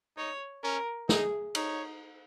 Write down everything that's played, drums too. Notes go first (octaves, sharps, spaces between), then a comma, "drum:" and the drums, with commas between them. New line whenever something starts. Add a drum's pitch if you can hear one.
D#4 C#5
C#4 A#4
D#4 G#4, drum: snare
D#4 C#5, drum: cymbal